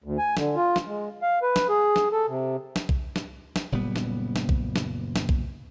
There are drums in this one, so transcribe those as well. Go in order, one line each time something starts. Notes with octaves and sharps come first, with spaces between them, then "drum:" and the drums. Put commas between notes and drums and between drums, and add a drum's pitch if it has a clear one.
D2
G#5
D3, drum: snare
F4
drum: snare
G#3
F5
B4
drum: snare
G#4
drum: snare
A4
C3
drum: snare
drum: kick
drum: snare
drum: snare
F#1 A#2 G3 B3
drum: snare
drum: snare
drum: kick
drum: snare
drum: snare
drum: kick